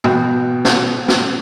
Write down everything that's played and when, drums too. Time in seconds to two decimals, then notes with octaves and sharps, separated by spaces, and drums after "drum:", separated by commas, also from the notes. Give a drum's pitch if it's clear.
0.04 B2 B3 G5, drum: tom
0.65 drum: snare
1.08 drum: snare